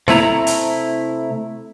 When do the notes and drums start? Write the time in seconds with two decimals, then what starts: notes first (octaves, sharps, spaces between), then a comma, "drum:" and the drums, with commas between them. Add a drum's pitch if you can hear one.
0.08 C3 A3 E4 A#5, drum: snare E4
0.47 drum: hi-hat